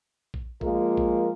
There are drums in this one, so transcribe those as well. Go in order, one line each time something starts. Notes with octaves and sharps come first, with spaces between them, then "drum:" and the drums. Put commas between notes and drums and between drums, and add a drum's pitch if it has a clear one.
drum: kick A#1
F3 G#3 A#3 F4 A#4, drum: kick A#1
drum: kick A#1